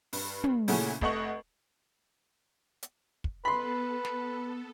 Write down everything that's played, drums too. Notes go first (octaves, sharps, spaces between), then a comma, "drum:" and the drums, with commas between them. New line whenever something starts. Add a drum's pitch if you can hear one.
G2, drum: open hi-hat
drum: tom
A#2 C#3 A3 C#4 E4 F#4, drum: open hi-hat
F1 A3 D#5 F#5 C#6 F#7, drum: kick
drum: hi-hat
drum: kick
B3 A4 B4 B5 C6
drum: snare